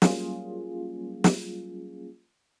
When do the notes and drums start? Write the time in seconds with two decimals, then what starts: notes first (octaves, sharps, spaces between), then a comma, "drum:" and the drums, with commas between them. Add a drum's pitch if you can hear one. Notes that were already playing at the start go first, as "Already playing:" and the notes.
0.02 F#3 G3 A#3 C#4 F4 G#4, drum: snare
1.24 drum: snare